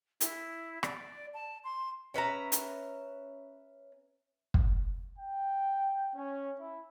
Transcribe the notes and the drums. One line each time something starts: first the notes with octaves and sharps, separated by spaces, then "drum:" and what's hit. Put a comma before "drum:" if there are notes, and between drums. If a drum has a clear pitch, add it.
E4, drum: hi-hat
D5, drum: rim click
A5
C6
C#4 B4 E5 A#5
drum: hi-hat
drum: kick
G5
C#4
E4